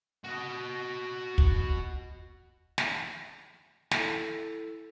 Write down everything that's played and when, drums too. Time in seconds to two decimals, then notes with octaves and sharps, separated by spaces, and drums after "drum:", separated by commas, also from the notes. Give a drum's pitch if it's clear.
0.24 F#4 D#5
1.38 drum: kick
2.78 drum: snare
3.91 E4 A4, drum: snare